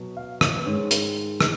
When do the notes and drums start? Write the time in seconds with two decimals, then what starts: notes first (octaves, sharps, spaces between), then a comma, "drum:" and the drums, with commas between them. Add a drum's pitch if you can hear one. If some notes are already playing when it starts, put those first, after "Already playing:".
Already playing: B2 F#3
0.17 F5
0.41 D#5, drum: rim click
0.58 B4
0.66 G#2 D#3 G#3 C#5
0.91 drum: hi-hat
1.41 drum: rim click